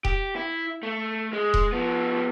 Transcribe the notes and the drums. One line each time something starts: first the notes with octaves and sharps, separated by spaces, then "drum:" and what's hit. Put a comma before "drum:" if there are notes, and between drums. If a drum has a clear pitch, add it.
G4, drum: kick D#1
E4
A3
G#3
drum: kick D#1
F3 B3